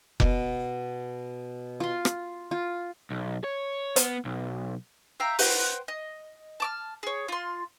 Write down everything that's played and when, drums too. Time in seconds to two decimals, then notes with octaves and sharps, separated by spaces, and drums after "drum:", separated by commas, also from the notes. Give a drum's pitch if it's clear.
0.20 B2, drum: kick F1
1.80 F4 C6
2.05 drum: rim click
2.51 F4
3.10 B1
3.44 C#5
3.96 B3, drum: hi-hat
4.25 B1
5.20 E5 F5 G5 A#5
5.39 B4 C5 F#5 G5, drum: open hi-hat
5.88 D#5
6.60 A5 D6 F6
7.03 G#4 C#5
7.28 F4 C6